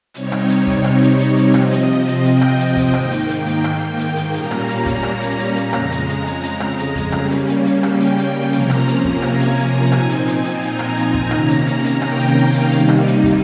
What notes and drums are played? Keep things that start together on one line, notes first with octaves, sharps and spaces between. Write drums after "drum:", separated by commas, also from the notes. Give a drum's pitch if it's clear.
C3 G3 C4 D#4 C#5, drum: hi-hat
drum: rim click
drum: hi-hat
drum: kick
drum: rim click
drum: hi-hat
drum: hi-hat
drum: hi-hat
C3 F3 C4 D#5, drum: rim click
drum: hi-hat
drum: hi-hat
G5, drum: hi-hat
drum: rim click
drum: hi-hat
drum: kick, hi-hat
G#2 D#3 A#3, drum: rim click
drum: hi-hat
drum: hi-hat
drum: hi-hat
G5, drum: rim click
drum: hi-hat
drum: hi-hat
A#2 G3 A#3 C#4 A#5, drum: hi-hat
drum: rim click
drum: hi-hat
drum: kick, hi-hat
A#5, drum: rim click
drum: hi-hat
drum: hi-hat
drum: hi-hat
F2 C#3 G#3, drum: rim click
drum: hi-hat
drum: hi-hat
drum: hi-hat
drum: hi-hat
drum: rim click
drum: hi-hat
drum: kick, hi-hat
C#3 G3 A#3 C#4, drum: rim click
drum: hi-hat
drum: hi-hat
drum: hi-hat
G5, drum: rim click
drum: hi-hat
drum: hi-hat
C3 F3 A#3 C#4 A#5, drum: hi-hat
drum: rim click
drum: hi-hat
drum: kick
G#5, drum: rim click
drum: hi-hat
drum: hi-hat
A#2 F3 C4 D#4, drum: rim click
drum: hi-hat
drum: hi-hat
drum: hi-hat
A#5, drum: hi-hat
drum: rim click
drum: hi-hat
drum: kick
C3 D#3 A#3 C#4, drum: rim click
drum: hi-hat
drum: hi-hat
drum: hi-hat
G5, drum: rim click
drum: hi-hat
F5, drum: hi-hat
drum: hi-hat
C3 D#3 G3 A#3 D#4, drum: hi-hat
drum: rim click
drum: hi-hat
drum: kick, hi-hat